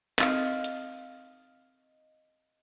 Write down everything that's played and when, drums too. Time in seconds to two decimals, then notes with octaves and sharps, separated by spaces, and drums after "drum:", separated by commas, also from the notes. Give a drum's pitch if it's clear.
0.19 C4 D#4 A4 D#5 F5, drum: clap
0.64 drum: hi-hat